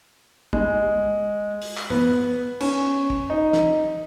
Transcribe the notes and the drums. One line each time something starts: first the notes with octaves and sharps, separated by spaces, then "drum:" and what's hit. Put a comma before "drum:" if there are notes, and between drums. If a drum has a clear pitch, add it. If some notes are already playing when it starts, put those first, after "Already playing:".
G#3, drum: kick
drum: open hi-hat
drum: clap
B3, drum: tom
C#4, drum: cymbal
drum: kick
D#4
drum: snare